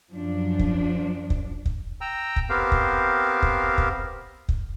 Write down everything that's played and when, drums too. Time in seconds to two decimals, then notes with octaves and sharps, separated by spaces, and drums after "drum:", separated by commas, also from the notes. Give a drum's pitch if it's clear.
0.11 F#2 F3 D4
0.59 drum: kick
1.30 drum: kick
1.66 drum: kick
2.01 G5 A#5 E6
2.36 drum: kick
2.50 B3 C4 G4 A#4 C5 F5
2.72 drum: kick
3.42 drum: kick
3.78 drum: kick
4.49 drum: kick